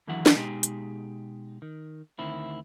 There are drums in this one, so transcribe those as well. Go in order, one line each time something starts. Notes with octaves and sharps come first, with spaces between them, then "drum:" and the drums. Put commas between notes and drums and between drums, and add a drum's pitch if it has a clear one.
D#2 D3 E3 F#3 E4 F#5
drum: snare
B2 G#3 D#4 G4 G#4
drum: hi-hat
D#3
D2 D#3 C4 E4